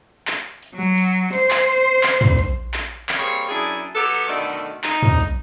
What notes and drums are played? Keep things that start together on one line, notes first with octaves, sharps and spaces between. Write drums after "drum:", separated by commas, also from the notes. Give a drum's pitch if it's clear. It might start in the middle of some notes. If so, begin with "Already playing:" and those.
drum: clap
drum: hi-hat
F#3
drum: hi-hat
C5, drum: hi-hat
drum: clap
drum: hi-hat
drum: clap
drum: tom
drum: hi-hat
drum: clap
drum: clap
G3 A#3 C4 G#4 C#5
F#2 D4 E4 G#4
F#3 B3 G4 A4
drum: hi-hat
B2 D3 D#3 A3
drum: hi-hat
D#4, drum: clap
drum: tom
drum: hi-hat